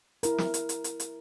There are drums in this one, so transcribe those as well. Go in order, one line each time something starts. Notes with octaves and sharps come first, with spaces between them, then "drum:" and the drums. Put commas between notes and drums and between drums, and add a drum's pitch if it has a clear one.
E4 A#4, drum: hi-hat
drum: snare
drum: hi-hat
drum: hi-hat
drum: hi-hat
drum: hi-hat